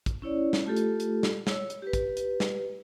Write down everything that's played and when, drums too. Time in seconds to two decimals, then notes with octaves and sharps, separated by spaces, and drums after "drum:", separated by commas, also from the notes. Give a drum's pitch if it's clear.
0.06 drum: kick, hi-hat
0.22 C#4 E4 C#5 D5
0.53 drum: snare
0.66 A3 F4 G4 A4
0.76 drum: hi-hat
1.00 drum: hi-hat
1.23 drum: snare
1.47 C#5 E6, drum: snare
1.70 drum: hi-hat
1.82 G4 B4
1.93 drum: kick, hi-hat
2.17 drum: hi-hat
2.40 drum: snare